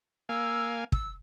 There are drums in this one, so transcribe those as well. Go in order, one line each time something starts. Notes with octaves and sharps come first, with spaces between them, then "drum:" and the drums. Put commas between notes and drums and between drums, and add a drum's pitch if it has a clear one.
A#3 F5 G#5 E6
E6, drum: kick